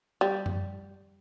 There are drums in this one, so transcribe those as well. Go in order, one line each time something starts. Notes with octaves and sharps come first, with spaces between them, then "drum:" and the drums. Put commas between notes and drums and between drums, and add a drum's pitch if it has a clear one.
G3
drum: tom F#2